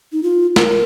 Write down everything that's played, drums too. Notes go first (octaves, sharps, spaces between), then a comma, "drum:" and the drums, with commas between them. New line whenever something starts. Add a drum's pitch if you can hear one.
D#4
F4
A#4, drum: snare